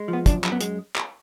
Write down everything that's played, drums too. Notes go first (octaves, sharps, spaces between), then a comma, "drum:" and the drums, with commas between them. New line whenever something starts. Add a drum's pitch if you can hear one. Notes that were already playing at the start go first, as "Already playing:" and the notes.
Already playing: G#3
F3
B3
F#2 D4, drum: kick, hi-hat
F#2, drum: clap
B3
G#3, drum: hi-hat
drum: clap